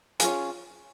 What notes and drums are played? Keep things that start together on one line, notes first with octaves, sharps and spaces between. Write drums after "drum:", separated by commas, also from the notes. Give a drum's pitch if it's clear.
C#4 F4 G#4, drum: hi-hat